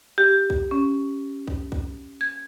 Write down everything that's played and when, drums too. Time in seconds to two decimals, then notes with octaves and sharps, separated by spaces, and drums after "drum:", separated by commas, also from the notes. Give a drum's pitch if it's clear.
0.18 G4
0.50 drum: kick A#1
0.71 C#4
1.48 drum: kick A#1
1.72 drum: kick A#1
2.21 G#6